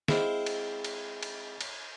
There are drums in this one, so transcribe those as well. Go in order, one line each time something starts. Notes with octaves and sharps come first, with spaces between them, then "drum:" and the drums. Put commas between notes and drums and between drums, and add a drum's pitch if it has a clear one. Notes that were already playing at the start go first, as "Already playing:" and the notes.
G#3 C4 E4 C5 F5, drum: snare
drum: cymbal
drum: cymbal
drum: cymbal
drum: cymbal